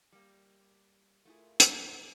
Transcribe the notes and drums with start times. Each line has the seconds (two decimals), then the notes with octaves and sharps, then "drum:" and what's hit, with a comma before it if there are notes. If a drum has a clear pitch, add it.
0.12 G3 A#3
1.25 A3 E4 F4 G#4 A#4
1.60 drum: hi-hat